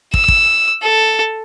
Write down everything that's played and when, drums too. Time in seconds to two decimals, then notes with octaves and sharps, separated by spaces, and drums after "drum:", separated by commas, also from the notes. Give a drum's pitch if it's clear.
0.14 E6, drum: kick
0.28 drum: kick
0.82 A4